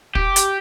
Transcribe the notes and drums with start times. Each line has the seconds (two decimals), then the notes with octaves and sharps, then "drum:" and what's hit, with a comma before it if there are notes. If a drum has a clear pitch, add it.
0.15 G4, drum: kick
0.36 drum: hi-hat